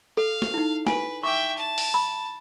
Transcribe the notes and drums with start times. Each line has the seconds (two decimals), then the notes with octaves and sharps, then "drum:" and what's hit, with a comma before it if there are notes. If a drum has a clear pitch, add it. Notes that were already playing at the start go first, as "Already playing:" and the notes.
0.17 A4 F5
0.42 drum: snare
0.54 D#4 E4
0.87 B4 G#5, drum: snare
1.23 E5 G5 C#6 D6
1.57 A5
1.78 drum: open hi-hat
1.94 B5